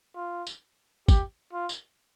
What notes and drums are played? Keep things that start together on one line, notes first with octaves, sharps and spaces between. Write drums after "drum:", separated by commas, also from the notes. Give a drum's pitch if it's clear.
F4
drum: tambourine
G4, drum: kick, tambourine
F4
drum: tambourine